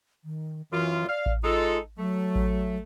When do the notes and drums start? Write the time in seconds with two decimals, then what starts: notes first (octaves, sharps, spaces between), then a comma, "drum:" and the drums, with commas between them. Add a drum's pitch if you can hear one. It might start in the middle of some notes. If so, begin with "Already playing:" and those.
0.25 D#3
0.71 F#2 E3 F4
1.08 D5 F5
1.26 drum: kick A1
1.43 G#3 D#4 F4 A4
1.98 F#3 A3
2.35 drum: kick A1